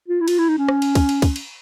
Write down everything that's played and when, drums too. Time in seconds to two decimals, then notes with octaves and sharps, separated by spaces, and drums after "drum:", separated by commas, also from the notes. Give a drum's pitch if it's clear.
0.08 F4
0.21 E4
0.28 F4, drum: cymbal
0.39 E4
0.49 D#4
0.58 C#4
0.69 drum: rim click
0.82 drum: cymbal
0.95 drum: kick, cymbal
1.09 drum: cymbal
1.22 drum: kick, cymbal
1.36 drum: cymbal